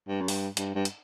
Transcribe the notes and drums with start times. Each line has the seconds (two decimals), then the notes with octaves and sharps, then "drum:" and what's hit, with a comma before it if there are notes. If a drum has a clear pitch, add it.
0.08 G2
0.21 F#2
0.28 G2, drum: open hi-hat
0.57 G2, drum: hi-hat
0.75 G2
0.85 drum: hi-hat